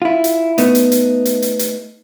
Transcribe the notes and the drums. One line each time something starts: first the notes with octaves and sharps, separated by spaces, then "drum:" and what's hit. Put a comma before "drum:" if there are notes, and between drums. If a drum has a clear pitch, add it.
E4 F4
drum: hi-hat
A3 B3 D#4, drum: hi-hat
drum: hi-hat
drum: hi-hat
drum: hi-hat
drum: hi-hat
drum: hi-hat